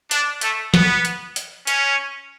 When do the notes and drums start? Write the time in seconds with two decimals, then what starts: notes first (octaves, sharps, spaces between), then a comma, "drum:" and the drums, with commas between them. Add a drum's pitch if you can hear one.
0.11 D4, drum: hi-hat
0.41 A3, drum: hi-hat
0.74 B3, drum: snare
1.05 drum: hi-hat
1.36 drum: hi-hat
1.67 C#4, drum: hi-hat